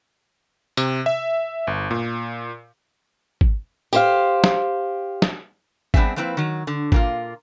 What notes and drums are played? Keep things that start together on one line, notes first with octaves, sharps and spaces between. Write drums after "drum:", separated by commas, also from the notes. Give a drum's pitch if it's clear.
C3, drum: tambourine
E5
G1
A#2
drum: kick G#1
G4 C5 F5, drum: tambourine
drum: snare
drum: snare
G3 B3 C4 D4 G#4 E5, drum: kick G#1
F3 A#3 C4 E4 B4
D#3 F#3
D3
A#2 A#3 F4, drum: kick G#1